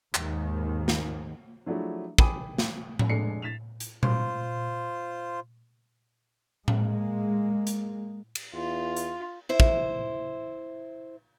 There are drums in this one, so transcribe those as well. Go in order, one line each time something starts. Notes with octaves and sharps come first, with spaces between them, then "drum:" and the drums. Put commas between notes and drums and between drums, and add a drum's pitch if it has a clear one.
D#2 G#2 D#3, drum: clap
drum: snare
F3 F#3 A3 D4 E4 G#4
G5 G#5 B5 D6 D#6 D#7, drum: kick
drum: snare
drum: tom A2
F1 G#3 D4 A4 C7 C#7
A6 B6 E7 F7
drum: hi-hat
F4 C5, drum: tom A#2
G#3 A#3, drum: tom A2
drum: hi-hat
drum: cymbal
E2 F4
drum: hi-hat
E4 C5
drum: kick